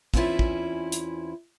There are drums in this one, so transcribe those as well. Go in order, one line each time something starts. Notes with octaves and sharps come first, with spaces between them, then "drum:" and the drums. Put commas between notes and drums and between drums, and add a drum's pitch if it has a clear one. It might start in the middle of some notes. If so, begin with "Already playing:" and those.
E2 C4 C#4 E4 F4 E5, drum: kick
drum: kick
drum: hi-hat